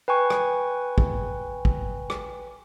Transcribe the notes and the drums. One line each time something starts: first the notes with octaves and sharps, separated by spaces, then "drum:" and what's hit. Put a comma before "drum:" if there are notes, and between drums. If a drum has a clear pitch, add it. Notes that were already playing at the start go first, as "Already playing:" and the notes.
B4 G5 G#5 C#6
drum: rim click
drum: kick
drum: kick
drum: rim click